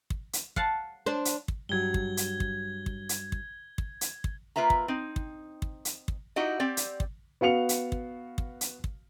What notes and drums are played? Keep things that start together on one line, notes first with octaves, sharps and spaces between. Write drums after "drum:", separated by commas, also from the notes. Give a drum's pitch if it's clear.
drum: kick
drum: hi-hat
F5 F#5 A5, drum: kick
D4 C5
drum: hi-hat
drum: kick
G2 F#3 G#6 G7
drum: kick
drum: hi-hat
drum: kick
drum: kick
drum: hi-hat
drum: kick
drum: kick
drum: hi-hat
drum: kick
A#3 F4 B4 E5 A#5
drum: kick
C4 D#4
drum: kick
drum: kick
drum: hi-hat
drum: kick
D#4 E4 F#4 G4 D#5
C4 G4 D5
drum: hi-hat
drum: kick
B3 F#4 F5 C#7 F7
drum: hi-hat
drum: kick
drum: kick
drum: hi-hat
drum: kick